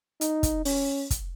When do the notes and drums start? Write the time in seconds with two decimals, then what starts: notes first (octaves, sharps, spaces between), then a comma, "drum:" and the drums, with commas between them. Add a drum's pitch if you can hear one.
0.21 D#4, drum: hi-hat
0.43 drum: kick, hi-hat
0.65 C#4, drum: open hi-hat
1.11 drum: kick, hi-hat